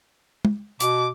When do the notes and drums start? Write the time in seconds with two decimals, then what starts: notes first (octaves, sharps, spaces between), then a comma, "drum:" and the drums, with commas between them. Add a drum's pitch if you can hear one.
0.45 drum: tom
0.80 B2 D6, drum: hi-hat